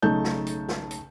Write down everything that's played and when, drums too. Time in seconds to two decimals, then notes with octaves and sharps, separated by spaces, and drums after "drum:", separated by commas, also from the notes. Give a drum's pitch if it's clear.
0.02 B1 C#3 A3 D#4 A5 G6
0.25 drum: snare
0.47 drum: hi-hat
0.69 drum: snare
0.91 drum: hi-hat